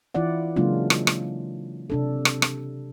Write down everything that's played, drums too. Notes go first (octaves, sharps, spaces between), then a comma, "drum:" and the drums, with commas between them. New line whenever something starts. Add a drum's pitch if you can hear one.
E3 E4 F4 D5 F#5
C#3 F#3 G#3 A#3 D4 F4
drum: rim click
drum: rim click
C3 D4 A4
drum: rim click
drum: rim click